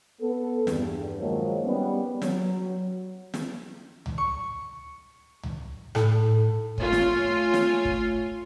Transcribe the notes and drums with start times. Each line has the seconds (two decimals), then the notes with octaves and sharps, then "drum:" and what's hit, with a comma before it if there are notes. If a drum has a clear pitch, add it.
0.21 B3 A4
0.67 E2 G2, drum: snare
1.19 D#3 F3 F#3 G#3 A#3 D#4
1.65 G3 B3 C#4
2.22 F#3, drum: snare
3.34 drum: snare
4.06 drum: tom C#2
4.18 C#6
5.43 drum: tom C#2
5.95 A2, drum: rim click
6.78 A3 F4 C#5 G#5, drum: kick
6.93 drum: snare
7.54 drum: snare
7.85 drum: kick